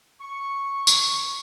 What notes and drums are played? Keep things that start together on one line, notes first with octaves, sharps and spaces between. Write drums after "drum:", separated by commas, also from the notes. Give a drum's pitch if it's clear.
C#6
drum: tambourine